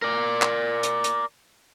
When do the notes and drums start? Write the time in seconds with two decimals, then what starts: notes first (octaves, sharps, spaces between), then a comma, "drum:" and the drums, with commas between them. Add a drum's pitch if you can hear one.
0.02 A#4 D5
0.42 drum: clap
0.83 drum: hi-hat
1.04 drum: hi-hat